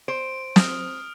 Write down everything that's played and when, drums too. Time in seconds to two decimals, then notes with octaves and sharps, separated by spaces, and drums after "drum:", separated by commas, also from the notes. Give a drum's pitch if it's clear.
0.08 C5 D7
0.56 D#6 F6, drum: snare